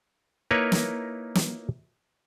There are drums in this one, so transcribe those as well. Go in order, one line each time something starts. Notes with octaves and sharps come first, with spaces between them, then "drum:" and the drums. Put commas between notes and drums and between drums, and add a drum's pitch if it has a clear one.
A#3 D#4 E4 A#4 B4 C#5
drum: snare
drum: snare